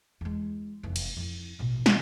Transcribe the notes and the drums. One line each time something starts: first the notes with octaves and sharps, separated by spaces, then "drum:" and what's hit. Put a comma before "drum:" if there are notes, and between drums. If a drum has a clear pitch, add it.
E2 G#3
F1 E2
drum: cymbal
F2 E4
A1 B2
D#3 E3, drum: snare